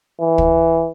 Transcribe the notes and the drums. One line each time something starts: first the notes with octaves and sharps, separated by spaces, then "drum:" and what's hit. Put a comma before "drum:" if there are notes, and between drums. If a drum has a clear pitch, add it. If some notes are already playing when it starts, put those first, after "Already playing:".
E3
drum: kick